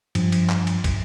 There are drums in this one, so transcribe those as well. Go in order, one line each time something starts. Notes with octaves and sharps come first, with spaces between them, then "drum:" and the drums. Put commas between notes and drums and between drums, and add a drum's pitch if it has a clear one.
G2 F3, drum: cymbal
drum: cymbal
drum: clap
drum: cymbal
drum: kick, cymbal